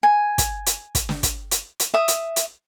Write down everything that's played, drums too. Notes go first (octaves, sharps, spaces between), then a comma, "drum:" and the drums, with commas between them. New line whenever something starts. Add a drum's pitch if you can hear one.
G#5
drum: kick, hi-hat
drum: hi-hat
drum: kick, hi-hat
drum: snare
drum: kick, hi-hat
drum: hi-hat
drum: hi-hat
E5 D#6
drum: hi-hat
drum: hi-hat